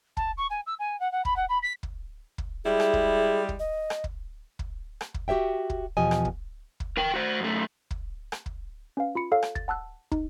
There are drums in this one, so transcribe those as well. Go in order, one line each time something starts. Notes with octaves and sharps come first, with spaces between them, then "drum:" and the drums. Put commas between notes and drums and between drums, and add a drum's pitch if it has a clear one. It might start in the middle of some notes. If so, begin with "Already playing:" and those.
A5, drum: kick
C#6
G#5
E6
G#5
F#5
F#5
B5, drum: kick
F#5
B5
B6
drum: kick
drum: kick
G3 G#3 E4 G#4
drum: rim click
drum: kick
drum: kick
D#5
drum: rim click
drum: kick
drum: kick
drum: rim click
drum: kick
F#4 G4 C#5 E5 G5
drum: kick
E2 B2 F3 G4 D#5 G#5
drum: rim click
drum: kick
drum: kick
A#4 G5
F#4 C5
F#2 A3
drum: kick
drum: rim click
drum: kick
C#4 B4 F5
F4 B5 C#7
A4 C#5 F5
drum: rim click
A6, drum: kick
F#5 A5 E6 F#6
D#4, drum: kick